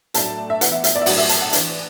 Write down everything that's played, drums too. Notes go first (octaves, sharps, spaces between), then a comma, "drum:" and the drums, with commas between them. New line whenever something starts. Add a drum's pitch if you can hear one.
A2 F#3 A3 D4 A5, drum: hi-hat
E5
E3 B3 E4 F#5, drum: hi-hat
E5
E5, drum: hi-hat
D5
E5
A2 F#3 D4 F#5, drum: open hi-hat
E5
A5, drum: hi-hat
F#5
E3 D4, drum: hi-hat